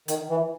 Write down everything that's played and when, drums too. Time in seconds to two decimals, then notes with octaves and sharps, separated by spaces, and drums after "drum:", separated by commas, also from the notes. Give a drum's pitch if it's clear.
0.08 D#3, drum: hi-hat
0.30 E3